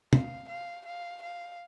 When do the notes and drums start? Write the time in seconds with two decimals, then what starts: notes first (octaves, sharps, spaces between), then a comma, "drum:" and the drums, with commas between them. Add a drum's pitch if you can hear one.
0.13 F5, drum: tom
0.49 F5
0.86 F5
1.23 F5